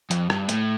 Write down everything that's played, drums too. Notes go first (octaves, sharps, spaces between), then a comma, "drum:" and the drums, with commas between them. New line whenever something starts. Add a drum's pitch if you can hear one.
F2, drum: hi-hat
G2, drum: rim click
A2, drum: hi-hat